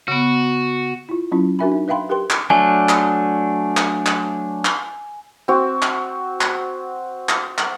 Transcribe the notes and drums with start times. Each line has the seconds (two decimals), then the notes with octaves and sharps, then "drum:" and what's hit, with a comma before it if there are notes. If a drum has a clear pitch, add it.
0.08 C#3 B3 F#4
1.09 E4 F4
1.32 F#3 C#4 E4 F4
1.59 D4 F#4 A#4 E5 G#5 B5
1.72 D#4
1.88 B4 E5 F5 G5 B5 C6
2.09 G4 A#4 B4 G5 C6
2.30 drum: clap
2.50 F#3 A3 D4 G#5
2.89 drum: clap
3.77 drum: clap
4.06 drum: clap
4.65 drum: clap
5.48 C4 F#4
5.82 drum: clap
6.41 drum: clap
7.29 drum: clap
7.58 drum: clap